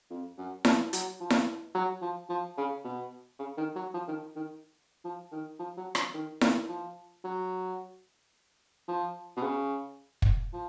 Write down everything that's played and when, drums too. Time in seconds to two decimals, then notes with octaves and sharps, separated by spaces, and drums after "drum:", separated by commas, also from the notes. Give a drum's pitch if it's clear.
0.11 F2
0.38 F#2
0.65 F3, drum: snare E4
0.93 F#3, drum: hi-hat
1.20 F3
1.30 drum: snare E4
1.75 F#3
2.02 F3
2.29 F3
2.58 C#3
2.85 B2
3.39 C#3
3.57 D#3
3.76 F#3
3.94 F3
4.08 D#3
4.36 D#3
5.05 F3
5.32 D#3
5.59 F3
5.77 F#3
5.95 F3, drum: rim click
6.14 D#3
6.41 D#3, drum: snare E4
6.69 F3
7.24 F#3
8.88 F3
9.37 B2
9.43 C#3
10.22 drum: kick
10.53 F3